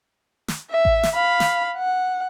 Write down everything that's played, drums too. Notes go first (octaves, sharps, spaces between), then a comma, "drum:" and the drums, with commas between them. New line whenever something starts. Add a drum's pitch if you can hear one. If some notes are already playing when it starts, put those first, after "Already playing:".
drum: snare
E5
drum: kick A1
drum: snare
F5 B5
drum: snare
F#5